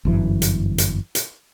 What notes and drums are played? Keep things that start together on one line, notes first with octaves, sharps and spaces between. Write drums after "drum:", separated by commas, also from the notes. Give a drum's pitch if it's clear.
G1 F#2 E3
drum: hi-hat
drum: hi-hat
drum: hi-hat